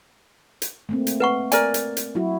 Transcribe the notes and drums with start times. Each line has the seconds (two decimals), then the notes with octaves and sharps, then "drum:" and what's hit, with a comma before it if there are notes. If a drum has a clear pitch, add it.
0.62 drum: hi-hat
0.89 A3 A#3 C4
1.07 drum: hi-hat
1.20 B4 F#5 C#6
1.52 A#4 D5 G#5, drum: hi-hat
1.74 drum: hi-hat
1.97 drum: hi-hat
2.15 F#3 E4 F#4